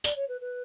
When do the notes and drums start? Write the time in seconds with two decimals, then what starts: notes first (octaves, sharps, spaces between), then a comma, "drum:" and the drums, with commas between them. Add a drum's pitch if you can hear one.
0.04 D5, drum: tambourine
0.16 C#5
0.28 B4
0.41 B4